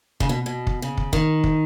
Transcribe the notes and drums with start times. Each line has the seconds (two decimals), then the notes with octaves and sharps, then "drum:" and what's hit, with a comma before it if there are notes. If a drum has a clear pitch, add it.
0.20 C#3, drum: kick
0.29 B2
0.46 B2
0.67 drum: kick
0.82 C#3
0.97 drum: kick
1.13 D#3, drum: kick
1.44 drum: kick